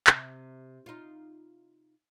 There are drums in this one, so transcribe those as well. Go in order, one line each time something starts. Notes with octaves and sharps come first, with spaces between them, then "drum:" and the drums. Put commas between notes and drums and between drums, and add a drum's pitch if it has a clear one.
C3, drum: clap
D#4 F4